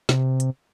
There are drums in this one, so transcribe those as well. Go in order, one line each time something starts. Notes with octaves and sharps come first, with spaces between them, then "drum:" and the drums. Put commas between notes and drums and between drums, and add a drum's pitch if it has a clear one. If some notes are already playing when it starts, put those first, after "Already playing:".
C3, drum: snare
drum: hi-hat